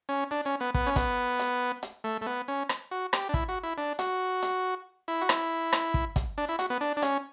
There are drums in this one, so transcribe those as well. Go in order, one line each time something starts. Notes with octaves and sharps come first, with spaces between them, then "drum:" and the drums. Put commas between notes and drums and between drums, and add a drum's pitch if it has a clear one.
C#4
D4
C#4
B3
B3, drum: kick
C#4
B3, drum: kick, hi-hat
drum: hi-hat
drum: hi-hat
A3
A3
B3
C#4
drum: rim click
F#4
G4, drum: rim click
D4
E4, drum: kick
F#4
E4
D4
F#4, drum: hi-hat
drum: hi-hat
E4
F#4
E4, drum: rim click
drum: rim click
drum: kick
drum: kick, hi-hat
D4
E4
F#4, drum: hi-hat
B3
D4
D4
C#4, drum: hi-hat